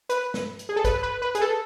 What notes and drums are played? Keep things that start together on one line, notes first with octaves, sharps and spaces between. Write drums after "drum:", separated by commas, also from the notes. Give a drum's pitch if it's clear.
B4, drum: hi-hat
drum: snare
drum: hi-hat
G#4
A4
B4, drum: kick, hi-hat
B4
B4
G#4, drum: hi-hat
A4